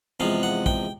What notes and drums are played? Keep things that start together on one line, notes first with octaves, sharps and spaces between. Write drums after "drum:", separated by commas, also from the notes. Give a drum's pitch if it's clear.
E2 C3 F3 G#3 F5
F#5
G5, drum: kick